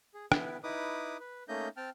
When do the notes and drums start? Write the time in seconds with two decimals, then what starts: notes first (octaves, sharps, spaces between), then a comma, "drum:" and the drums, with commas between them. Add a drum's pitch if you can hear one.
0.14 G#4
0.32 B3 E4 B4, drum: rim click
0.63 D#4 E4 B4 D6 D#6
1.20 B4
1.48 A3 A#3 C#4 D#4 D#5 G6
1.77 C4 G5 A5 F6